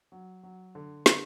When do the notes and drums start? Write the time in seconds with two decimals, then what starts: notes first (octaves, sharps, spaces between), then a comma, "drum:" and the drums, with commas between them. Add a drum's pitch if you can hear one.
0.12 F#3
0.43 F#3
0.75 D3
1.06 D3, drum: snare